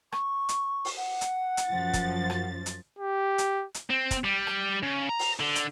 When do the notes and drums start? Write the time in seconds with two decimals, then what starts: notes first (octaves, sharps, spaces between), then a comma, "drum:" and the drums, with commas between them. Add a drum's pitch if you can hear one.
0.12 C#6, drum: rim click
0.49 drum: hi-hat
0.85 drum: open hi-hat
0.97 F#5
1.21 drum: hi-hat
1.57 drum: hi-hat
1.67 F#2 F3 A6
1.93 drum: kick, hi-hat
2.30 drum: rim click
2.66 drum: hi-hat
2.99 G4
3.38 drum: hi-hat
3.74 drum: hi-hat
3.90 C4
4.11 drum: kick, hi-hat
4.24 G3
4.47 drum: rim click
4.83 C#3
5.09 A#5
5.19 drum: open hi-hat
5.40 D3
5.55 drum: hi-hat